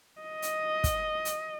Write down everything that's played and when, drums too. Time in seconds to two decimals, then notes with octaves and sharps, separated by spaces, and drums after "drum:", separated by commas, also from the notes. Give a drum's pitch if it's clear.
0.21 D#5
0.42 drum: hi-hat
0.84 drum: kick, hi-hat
1.25 drum: hi-hat